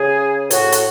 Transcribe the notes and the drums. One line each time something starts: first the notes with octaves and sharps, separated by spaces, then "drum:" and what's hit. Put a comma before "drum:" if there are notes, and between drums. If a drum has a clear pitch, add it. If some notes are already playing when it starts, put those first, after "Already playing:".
Already playing: C#3 G#4
A2 F#4, drum: hi-hat
drum: hi-hat